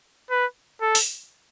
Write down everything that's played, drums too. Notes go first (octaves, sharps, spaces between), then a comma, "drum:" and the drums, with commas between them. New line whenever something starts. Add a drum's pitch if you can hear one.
B4
A4
drum: open hi-hat